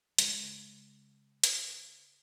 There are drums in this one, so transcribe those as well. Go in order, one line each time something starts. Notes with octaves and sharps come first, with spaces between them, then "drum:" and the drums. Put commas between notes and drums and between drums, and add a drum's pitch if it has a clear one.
C#3 G#3, drum: hi-hat
drum: hi-hat